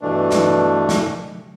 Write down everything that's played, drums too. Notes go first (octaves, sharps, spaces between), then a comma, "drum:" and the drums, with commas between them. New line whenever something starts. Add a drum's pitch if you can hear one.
G2 B2 E3 A3 D4
drum: snare
drum: snare